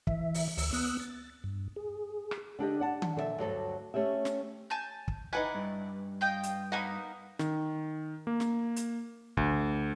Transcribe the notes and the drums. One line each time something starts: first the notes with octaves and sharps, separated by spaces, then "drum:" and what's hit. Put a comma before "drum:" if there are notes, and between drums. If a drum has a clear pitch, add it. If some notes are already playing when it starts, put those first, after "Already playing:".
E3 E5, drum: kick
drum: open hi-hat
D2 E6, drum: open hi-hat
B3 D#6 E6 F#6, drum: open hi-hat
A6
G2
G#4
drum: rim click
D3 D4 G4 D#5
D5 F#5 A5
drum: tom D#3
A#2 A4 B4 E5
D2 G2 F#3 A4
A3 C#4 G4 E5
drum: snare
G#5 A5 G6
drum: kick
D#4 E4 B4 D5 F#5 G#5
G2
F4 D#5 G5
drum: hi-hat
A#3 B3 D#4 F#5 G#5 B5
D#3, drum: snare
A#3
drum: snare
drum: hi-hat
D2, drum: kick